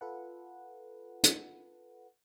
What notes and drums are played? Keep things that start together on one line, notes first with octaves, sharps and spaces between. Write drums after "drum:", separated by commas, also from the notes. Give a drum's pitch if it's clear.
F4 A4 B4 F#5
drum: hi-hat